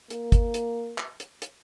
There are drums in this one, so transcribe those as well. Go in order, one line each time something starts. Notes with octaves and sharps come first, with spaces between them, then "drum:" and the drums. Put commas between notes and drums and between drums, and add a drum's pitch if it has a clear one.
A#3, drum: hi-hat
drum: kick, hi-hat
drum: hi-hat
drum: clap
drum: hi-hat
drum: hi-hat